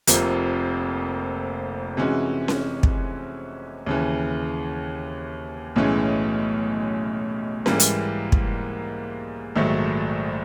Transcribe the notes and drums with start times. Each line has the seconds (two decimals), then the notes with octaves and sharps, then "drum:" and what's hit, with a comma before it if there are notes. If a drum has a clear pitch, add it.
0.07 F1 F2 C3 F3 A#3, drum: hi-hat
1.97 C3 E3 G#3 C#4 F#4
2.48 drum: snare C#4
2.83 drum: kick
3.86 D#2 C#3 E3
5.76 B1 A2 E3 G#3 C#4
7.66 G#2 E3 G3 A#3, drum: snare C#4
7.80 drum: hi-hat
8.32 drum: kick
9.56 A#1 G#2 D#3 F#3 A3